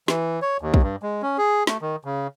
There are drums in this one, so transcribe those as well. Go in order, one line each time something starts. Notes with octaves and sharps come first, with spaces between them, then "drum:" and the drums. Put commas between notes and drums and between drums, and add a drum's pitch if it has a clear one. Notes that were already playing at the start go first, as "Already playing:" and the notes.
E3, drum: snare
C#5
D#2
drum: kick
G2
G#3
C#4
G#4
A3, drum: snare
D#3
C#3